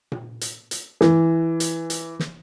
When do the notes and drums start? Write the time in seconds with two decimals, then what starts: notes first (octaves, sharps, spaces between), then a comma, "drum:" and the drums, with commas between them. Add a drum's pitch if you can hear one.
0.12 drum: tom A#2
0.41 drum: hi-hat
0.71 drum: hi-hat
1.01 E3, drum: snare
1.60 drum: hi-hat
1.90 drum: hi-hat
2.19 drum: snare